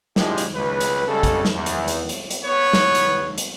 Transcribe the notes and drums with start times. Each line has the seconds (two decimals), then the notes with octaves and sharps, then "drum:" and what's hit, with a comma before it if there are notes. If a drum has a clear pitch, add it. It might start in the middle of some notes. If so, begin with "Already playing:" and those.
0.16 F3 G#3 D4 E4 F4 G4, drum: snare
0.38 drum: hi-hat
0.55 C#2 B4
0.81 drum: hi-hat
1.08 G#1 C#3 G3 G#3 A4
1.23 drum: kick A1, hi-hat
1.45 drum: snare
1.55 E2
1.66 drum: hi-hat
1.88 drum: hi-hat
2.09 drum: hi-hat
2.31 drum: hi-hat
2.45 B3 B4 C#5
2.73 drum: snare
2.95 drum: hi-hat
3.38 drum: hi-hat